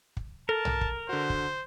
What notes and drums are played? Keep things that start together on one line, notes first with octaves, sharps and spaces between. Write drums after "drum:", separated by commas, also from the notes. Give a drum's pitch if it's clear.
drum: kick
A4 A#4 A5
drum: tom B1
drum: kick
D3 F#4 C5
drum: kick